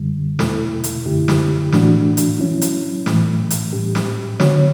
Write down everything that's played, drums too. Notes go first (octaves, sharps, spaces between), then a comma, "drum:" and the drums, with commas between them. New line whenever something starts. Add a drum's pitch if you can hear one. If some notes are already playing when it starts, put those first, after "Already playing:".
Already playing: F#2 D3 G3
E2 B2 A3 E4 A4, drum: snare
drum: hi-hat
F#2 D3 A3 E4 G4
drum: snare
A2 E3 A3 D4 F#4, drum: snare
drum: hi-hat
F#3 C#4 E4
drum: hi-hat
A2 E3 A3, drum: snare
drum: hi-hat
A2 G3 C#4 G4
drum: snare
D3 F#3 B3 F#4 C#5, drum: snare